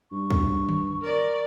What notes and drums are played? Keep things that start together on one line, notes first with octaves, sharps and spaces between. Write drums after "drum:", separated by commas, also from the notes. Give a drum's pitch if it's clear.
G2 C#6
drum: kick
drum: tom D3
A#4 D5